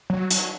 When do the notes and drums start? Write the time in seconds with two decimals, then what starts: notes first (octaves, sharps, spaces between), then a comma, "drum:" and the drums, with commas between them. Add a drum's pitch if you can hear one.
0.10 F#3
0.31 F#3, drum: hi-hat